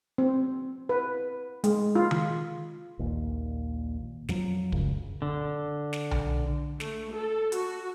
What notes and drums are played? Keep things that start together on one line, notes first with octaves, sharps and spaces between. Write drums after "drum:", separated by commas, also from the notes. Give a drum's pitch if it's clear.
C4
B4
G#3, drum: hi-hat
F4
drum: tom D#3
A#1 D#2 A#2
F2 F3 F#3, drum: snare
C#2 F#2 C#3, drum: kick
D3
drum: snare
drum: tom B1
A3, drum: snare
A4
F#4, drum: hi-hat